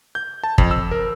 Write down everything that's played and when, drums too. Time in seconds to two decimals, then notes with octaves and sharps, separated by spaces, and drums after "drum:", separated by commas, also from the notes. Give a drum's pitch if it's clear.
0.15 G6
0.44 A5
0.58 F2, drum: kick
0.71 E6
0.91 A#4